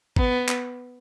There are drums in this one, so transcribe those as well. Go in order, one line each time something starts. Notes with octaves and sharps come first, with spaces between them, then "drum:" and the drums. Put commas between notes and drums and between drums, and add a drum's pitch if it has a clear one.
B3, drum: kick G#1
drum: clap